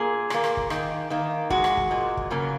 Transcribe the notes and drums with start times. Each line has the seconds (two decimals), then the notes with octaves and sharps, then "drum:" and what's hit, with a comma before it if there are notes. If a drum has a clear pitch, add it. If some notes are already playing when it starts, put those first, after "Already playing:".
Already playing: A#2 A#3 G#4
0.30 A#2 A#3, drum: rim click
0.44 drum: rim click
0.57 drum: kick
0.70 D#3 A#3, drum: rim click
1.10 D#3 A#3
1.50 A#2 G#3 F#4, drum: kick
1.64 drum: rim click
1.77 drum: kick
1.91 A#2 G#3
2.17 drum: kick
2.31 C#3 F#3 A#3 C#4